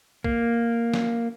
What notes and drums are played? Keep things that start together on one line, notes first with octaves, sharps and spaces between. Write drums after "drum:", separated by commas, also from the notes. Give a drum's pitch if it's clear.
A#3, drum: kick A#1
drum: snare